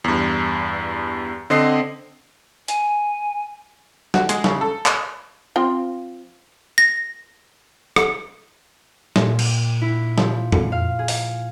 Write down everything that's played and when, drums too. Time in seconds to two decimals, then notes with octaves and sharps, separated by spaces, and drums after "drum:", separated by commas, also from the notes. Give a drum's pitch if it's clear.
0.04 E2 G2
1.50 D3 C4 D#5 D#6 C7
2.68 G#5, drum: hi-hat
4.14 F#4, drum: snare
4.29 G#3, drum: hi-hat
4.44 C#3, drum: snare
4.61 A4
4.86 drum: clap
5.56 F3 C4 F4
6.78 A#6
7.96 drum: rim click
9.16 A#2, drum: snare
9.39 drum: cymbal
9.82 E4
10.18 F3, drum: snare
10.52 drum: tom F2
10.72 F5
10.99 G#4
11.08 drum: open hi-hat